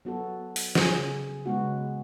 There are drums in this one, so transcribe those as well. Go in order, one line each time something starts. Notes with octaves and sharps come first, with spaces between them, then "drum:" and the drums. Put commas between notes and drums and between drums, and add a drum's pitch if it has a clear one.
F#3 B3 F#4 A4
drum: open hi-hat
C#3 F#3 C#4 G#4, drum: snare
C#3 G#3 B3 F#4